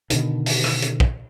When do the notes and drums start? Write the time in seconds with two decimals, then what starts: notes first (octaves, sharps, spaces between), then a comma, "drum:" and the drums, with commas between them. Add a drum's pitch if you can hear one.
0.10 B2 D3 D#3, drum: hi-hat
0.46 drum: open hi-hat
0.64 drum: rim click
0.82 drum: hi-hat
1.00 drum: kick